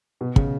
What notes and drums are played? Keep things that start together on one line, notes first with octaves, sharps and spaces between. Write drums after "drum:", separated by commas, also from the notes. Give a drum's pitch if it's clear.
B2
C#3, drum: kick